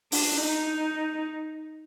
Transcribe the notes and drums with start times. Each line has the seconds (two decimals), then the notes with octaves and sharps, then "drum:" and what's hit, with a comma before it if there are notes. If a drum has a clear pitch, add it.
0.12 D4, drum: open hi-hat
0.41 D#4